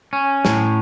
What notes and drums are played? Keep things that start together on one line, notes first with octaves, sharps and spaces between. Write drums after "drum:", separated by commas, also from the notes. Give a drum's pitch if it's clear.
C#4
A2, drum: snare